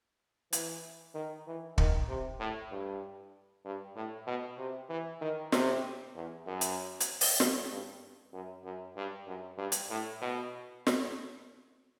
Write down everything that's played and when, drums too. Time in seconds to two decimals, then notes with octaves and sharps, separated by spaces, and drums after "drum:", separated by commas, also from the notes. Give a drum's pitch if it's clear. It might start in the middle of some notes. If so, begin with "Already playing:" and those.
0.53 E3, drum: hi-hat
1.15 D#3
1.47 E3
1.78 D#3, drum: kick
2.09 C3
2.40 A2
2.71 G2
3.65 G2
3.96 A2
4.27 B2
4.58 C3
4.89 E3
5.21 D#3
5.52 C3, drum: snare
6.15 E2
6.46 F#2
6.61 drum: hi-hat
7.00 drum: hi-hat
7.21 drum: open hi-hat
7.40 G2, drum: snare
7.71 G2
8.33 F#2
8.64 F#2
8.96 G2
9.27 F#2
9.58 G2
9.72 drum: hi-hat
9.90 A2
10.21 B2
10.87 drum: snare